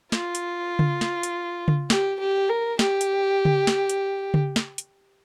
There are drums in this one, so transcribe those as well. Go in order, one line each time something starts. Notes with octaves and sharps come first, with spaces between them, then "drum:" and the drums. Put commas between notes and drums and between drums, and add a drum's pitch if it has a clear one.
F4, drum: snare
drum: hi-hat
drum: tom C#3
drum: snare
drum: hi-hat
drum: tom C#3
G4, drum: snare
G4
A#4
G4, drum: snare
drum: hi-hat
drum: tom C#3
drum: snare
drum: hi-hat
drum: tom C#3
drum: snare
drum: hi-hat